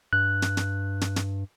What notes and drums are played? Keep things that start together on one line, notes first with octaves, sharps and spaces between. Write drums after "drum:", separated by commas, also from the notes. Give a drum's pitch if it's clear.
G2 F#6
drum: snare
drum: snare
drum: snare
drum: snare